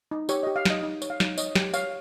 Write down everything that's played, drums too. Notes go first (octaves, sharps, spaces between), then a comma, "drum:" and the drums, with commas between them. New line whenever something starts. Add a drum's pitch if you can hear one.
D#4
G4 C#5, drum: tambourine
G4 D#5
F5
D#4 D#5, drum: snare
D#4
C#5, drum: tambourine
F5
D#4, drum: snare
C#5 D#5, drum: tambourine
G4, drum: snare
C#5 F5, drum: tambourine